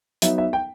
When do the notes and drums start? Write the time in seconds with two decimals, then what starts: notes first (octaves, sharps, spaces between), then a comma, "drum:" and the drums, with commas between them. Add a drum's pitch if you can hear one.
0.22 F#3 B3 D#4 E5, drum: hi-hat
0.38 E5
0.53 G5